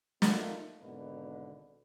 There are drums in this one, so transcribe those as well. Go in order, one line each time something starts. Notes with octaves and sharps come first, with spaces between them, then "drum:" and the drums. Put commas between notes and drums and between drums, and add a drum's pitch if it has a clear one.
A3 A#3 D#4 F4, drum: snare
G#1 B2 D3 B4